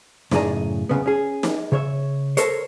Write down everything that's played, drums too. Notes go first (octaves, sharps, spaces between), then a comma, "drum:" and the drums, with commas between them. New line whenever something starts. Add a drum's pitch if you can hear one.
F#2 A2 C#3 G#4 D5 A#5, drum: snare
C2 F2 C#3 B3
C#4 G#4
drum: snare
C#3 C#5 E5
A4 A#4 C5 C#5, drum: hi-hat